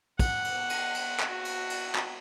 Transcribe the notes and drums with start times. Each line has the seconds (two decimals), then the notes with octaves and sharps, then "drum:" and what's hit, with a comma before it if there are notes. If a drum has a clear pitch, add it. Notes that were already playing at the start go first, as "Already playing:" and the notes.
0.19 F#5, drum: kick, cymbal
0.45 drum: cymbal
0.70 drum: cymbal
0.95 drum: cymbal
1.20 drum: clap
1.29 F#4
1.45 drum: cymbal
1.70 drum: cymbal
1.95 drum: clap